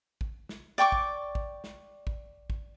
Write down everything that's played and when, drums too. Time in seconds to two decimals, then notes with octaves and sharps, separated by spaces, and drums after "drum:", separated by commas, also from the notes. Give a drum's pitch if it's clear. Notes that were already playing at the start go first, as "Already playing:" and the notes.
0.21 drum: kick
0.49 drum: snare
0.78 D5 G5 C#6 D6
0.92 drum: kick
1.35 drum: kick
1.64 drum: snare
2.07 drum: kick
2.50 drum: kick